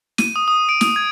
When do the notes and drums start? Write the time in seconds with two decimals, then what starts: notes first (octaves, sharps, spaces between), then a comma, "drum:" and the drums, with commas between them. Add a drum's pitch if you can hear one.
0.18 D#7, drum: snare
0.36 D#6
0.48 D#6
0.69 D7
0.81 D#6, drum: snare
0.96 G#6